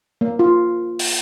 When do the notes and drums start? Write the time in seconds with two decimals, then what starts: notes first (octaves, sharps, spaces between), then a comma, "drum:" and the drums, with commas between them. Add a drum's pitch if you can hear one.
0.21 A#3
0.39 F4
0.99 drum: open hi-hat